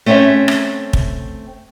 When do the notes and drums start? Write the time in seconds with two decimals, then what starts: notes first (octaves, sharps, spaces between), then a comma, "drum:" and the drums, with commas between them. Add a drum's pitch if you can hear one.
0.06 A3 C4 C#4 C5 C#5 E5
0.48 drum: rim click
0.93 drum: kick